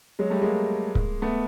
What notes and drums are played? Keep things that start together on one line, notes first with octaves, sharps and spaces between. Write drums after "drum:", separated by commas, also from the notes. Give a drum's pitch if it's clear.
F#3 G#3
G3 A3
G#3 A#3
drum: kick C#1
A3 B3